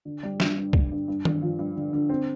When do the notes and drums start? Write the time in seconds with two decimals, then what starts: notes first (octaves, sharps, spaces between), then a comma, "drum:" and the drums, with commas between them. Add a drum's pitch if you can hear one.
0.05 D3
0.23 G3
0.40 G2, drum: snare
0.57 G2
0.73 D3, drum: kick C2
0.91 G2
1.08 G2
1.25 G2, drum: tom D#3
1.42 F3
1.59 G2
1.76 D3
1.93 D3
2.09 C4